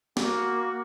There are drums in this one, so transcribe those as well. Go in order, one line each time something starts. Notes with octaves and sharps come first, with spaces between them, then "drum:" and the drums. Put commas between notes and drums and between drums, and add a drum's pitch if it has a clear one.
A#3 F#4, drum: snare B3